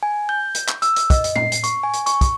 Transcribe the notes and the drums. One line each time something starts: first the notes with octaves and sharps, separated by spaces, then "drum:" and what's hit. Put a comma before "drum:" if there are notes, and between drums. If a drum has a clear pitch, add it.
G#5
G6
drum: hi-hat
drum: clap
E6, drum: hi-hat
drum: hi-hat
D#5, drum: kick, hi-hat
drum: hi-hat
C7, drum: tom A2
drum: hi-hat
C#6, drum: hi-hat
G#5
drum: hi-hat
C#6, drum: hi-hat
drum: kick, hi-hat